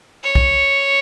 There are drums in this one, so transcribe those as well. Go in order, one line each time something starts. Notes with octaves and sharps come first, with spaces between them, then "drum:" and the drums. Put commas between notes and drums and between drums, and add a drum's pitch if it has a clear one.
C#5
drum: kick